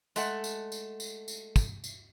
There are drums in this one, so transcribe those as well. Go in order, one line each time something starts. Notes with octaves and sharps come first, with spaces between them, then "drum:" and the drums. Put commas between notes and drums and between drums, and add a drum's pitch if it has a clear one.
G#3 A3 F#5, drum: tambourine
drum: tambourine
drum: tambourine
drum: tambourine
drum: tambourine
drum: kick, tambourine
drum: tambourine